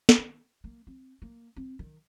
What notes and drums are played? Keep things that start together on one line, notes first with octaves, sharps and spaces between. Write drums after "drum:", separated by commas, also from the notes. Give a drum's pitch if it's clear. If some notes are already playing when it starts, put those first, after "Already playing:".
drum: snare
D#3
A#3
C4
A#3
C4
D#3